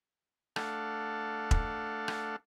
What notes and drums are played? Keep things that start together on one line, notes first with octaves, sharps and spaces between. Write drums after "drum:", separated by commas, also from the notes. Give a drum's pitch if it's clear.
A3 D4 A4 F5 F#5, drum: rim click
drum: kick E1
drum: rim click